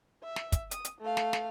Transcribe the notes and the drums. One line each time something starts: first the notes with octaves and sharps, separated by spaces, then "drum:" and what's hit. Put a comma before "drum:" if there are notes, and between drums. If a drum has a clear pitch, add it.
E5
drum: snare
drum: kick, hi-hat
D#6, drum: hi-hat
drum: hi-hat
A3 F5
drum: snare
drum: snare